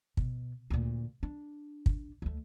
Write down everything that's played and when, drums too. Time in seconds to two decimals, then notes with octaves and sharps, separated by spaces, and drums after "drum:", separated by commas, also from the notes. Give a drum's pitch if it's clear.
0.17 B2, drum: kick
0.70 D2 A#2
1.23 D4
1.86 drum: kick
2.22 D2 A3